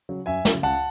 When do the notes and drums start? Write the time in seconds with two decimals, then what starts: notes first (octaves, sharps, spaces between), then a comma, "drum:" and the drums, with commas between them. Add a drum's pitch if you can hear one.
0.09 C#3 F#3
0.26 F#2 E5 G#5
0.45 C#3 F#3, drum: snare
0.63 C#2 F#5 A5